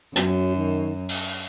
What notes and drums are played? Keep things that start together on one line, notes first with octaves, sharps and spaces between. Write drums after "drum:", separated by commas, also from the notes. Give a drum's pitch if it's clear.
F#2 F#3, drum: hi-hat
D#3
drum: open hi-hat